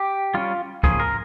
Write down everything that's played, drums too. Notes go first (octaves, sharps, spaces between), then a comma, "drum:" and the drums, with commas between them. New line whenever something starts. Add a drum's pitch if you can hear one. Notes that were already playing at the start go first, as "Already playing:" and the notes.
Already playing: G4
G3 C#4 F4
C#3 F3 A#3 G#4, drum: kick C#2
A#4